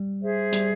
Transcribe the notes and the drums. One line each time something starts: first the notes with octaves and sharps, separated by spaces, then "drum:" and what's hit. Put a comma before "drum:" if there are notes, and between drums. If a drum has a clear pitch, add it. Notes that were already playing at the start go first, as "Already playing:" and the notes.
Already playing: G3
G#4 C5 E5
G3, drum: hi-hat